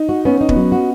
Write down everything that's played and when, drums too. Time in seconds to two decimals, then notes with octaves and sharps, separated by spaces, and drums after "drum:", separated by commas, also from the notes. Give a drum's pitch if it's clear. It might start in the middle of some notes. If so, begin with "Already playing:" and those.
Already playing: D#4
0.09 F#4
0.25 B3 C#4
0.41 D#4
0.49 B3, drum: kick
0.56 F#3
0.72 F#4